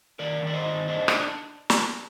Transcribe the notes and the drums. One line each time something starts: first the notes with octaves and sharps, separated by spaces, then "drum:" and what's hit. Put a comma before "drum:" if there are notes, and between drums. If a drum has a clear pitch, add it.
D#3 A#4 D5
D#3 D5
C5 D#5
D#4
D4 C5 D#5
drum: rim click
drum: snare